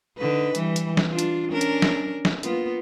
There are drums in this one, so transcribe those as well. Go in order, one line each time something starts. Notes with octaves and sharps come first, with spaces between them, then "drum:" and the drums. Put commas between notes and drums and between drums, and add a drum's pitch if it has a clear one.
D3 D#4 B4
E3 G3, drum: hi-hat
drum: hi-hat
drum: snare
D4 F4
drum: hi-hat
C#4 D4 A#4
drum: hi-hat
drum: snare
drum: snare
A#3 B3 F4, drum: hi-hat